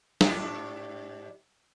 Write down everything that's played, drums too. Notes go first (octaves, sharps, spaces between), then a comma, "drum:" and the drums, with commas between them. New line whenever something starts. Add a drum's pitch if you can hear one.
G#2 D4 G4, drum: snare